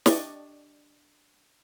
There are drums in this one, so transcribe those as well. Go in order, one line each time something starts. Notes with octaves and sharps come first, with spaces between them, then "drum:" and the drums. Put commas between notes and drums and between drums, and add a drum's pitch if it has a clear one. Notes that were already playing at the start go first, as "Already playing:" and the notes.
D4 G4 D5 D#5 C#6 D6, drum: snare